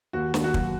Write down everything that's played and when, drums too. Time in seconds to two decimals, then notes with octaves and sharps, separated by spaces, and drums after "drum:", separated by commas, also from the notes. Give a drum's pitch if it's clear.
0.13 D#2 F#4
0.34 D#2, drum: snare
0.44 F#4
0.54 F#3, drum: kick